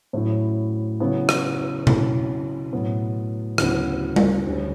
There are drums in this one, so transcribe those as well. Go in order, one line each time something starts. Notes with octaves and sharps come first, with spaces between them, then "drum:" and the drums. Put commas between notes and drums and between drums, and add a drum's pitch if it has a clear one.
A2 F#3 C#4 E4
C#3 F#3 B3 E4
drum: rim click
C#3 F#3 C#4 E4, drum: tom B2
A2 F#3 B3 E4
D2 C#3 F#3 B3 E4, drum: rim click
drum: tom G3
D2 D3 G3 C#4